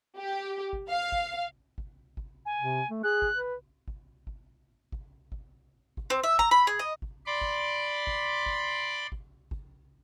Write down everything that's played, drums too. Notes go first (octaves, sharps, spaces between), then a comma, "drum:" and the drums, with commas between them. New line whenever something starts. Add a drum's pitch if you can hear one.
G4
drum: kick
F5
drum: kick
drum: kick
drum: kick
G#5
C3
A3
G#4 F#6
drum: kick
B4
drum: kick
drum: kick
drum: kick
drum: kick
drum: kick
C4
E5
A#5, drum: kick
B5
G#4
D#5
drum: kick
D5 B5 C6 D6
drum: kick
drum: kick
drum: kick
drum: kick
drum: kick